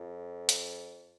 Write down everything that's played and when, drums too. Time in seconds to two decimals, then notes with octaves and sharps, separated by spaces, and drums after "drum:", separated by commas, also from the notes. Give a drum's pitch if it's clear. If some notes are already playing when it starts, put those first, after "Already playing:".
Already playing: F2
0.49 drum: hi-hat